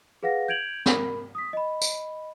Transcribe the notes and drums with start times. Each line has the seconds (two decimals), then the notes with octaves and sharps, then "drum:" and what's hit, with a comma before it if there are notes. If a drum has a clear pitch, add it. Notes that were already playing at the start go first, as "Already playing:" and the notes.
0.23 G#4 B4 F5 F#5 A#6
0.48 G6 G#6 D7 F7 F#7
0.86 A#4 B5, drum: snare
1.35 D#6 B6
1.53 D#5 B5
1.82 drum: tambourine